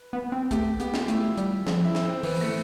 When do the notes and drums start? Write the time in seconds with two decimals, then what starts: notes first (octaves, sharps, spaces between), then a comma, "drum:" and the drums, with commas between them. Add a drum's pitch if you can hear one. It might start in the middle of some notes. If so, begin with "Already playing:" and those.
Already playing: B4
0.13 B3
0.32 C4
0.51 A3 G4, drum: kick, hi-hat
0.80 B3 G4, drum: hi-hat
0.94 F4, drum: snare
1.08 A3 E4, drum: hi-hat
1.37 G3, drum: hi-hat
1.67 F3, drum: snare
1.85 E4
1.95 drum: snare
2.05 C4
2.23 E3 B3, drum: open hi-hat
2.41 A3